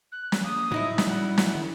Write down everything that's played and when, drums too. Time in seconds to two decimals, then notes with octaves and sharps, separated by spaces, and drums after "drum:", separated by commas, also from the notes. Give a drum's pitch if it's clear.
0.12 F#6
0.32 drum: snare
0.44 A#3 D#6
0.72 A2 F#3 D#4 E4
0.98 drum: snare
1.07 G3 F#5
1.37 drum: snare
1.55 D#3